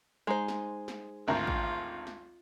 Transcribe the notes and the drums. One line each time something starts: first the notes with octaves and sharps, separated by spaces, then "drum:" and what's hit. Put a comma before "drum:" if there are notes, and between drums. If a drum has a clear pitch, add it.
G#3 D#4 C5
drum: snare
drum: snare
G#1 D2 F4 A#4
drum: kick A1
drum: snare